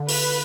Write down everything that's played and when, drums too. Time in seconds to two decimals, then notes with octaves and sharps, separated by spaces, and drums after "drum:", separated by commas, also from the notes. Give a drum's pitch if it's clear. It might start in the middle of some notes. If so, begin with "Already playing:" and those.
Already playing: D3
0.09 B4, drum: open hi-hat